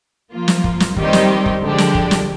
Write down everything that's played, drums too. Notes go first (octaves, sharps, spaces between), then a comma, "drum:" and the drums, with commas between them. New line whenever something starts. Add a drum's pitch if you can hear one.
F3 A#3 F4
drum: snare
drum: kick
drum: snare
D#3 G3 C4 D#4 G4, drum: kick
drum: snare
drum: kick
D3 F3 G#3 D4 G4
drum: snare
drum: kick
drum: snare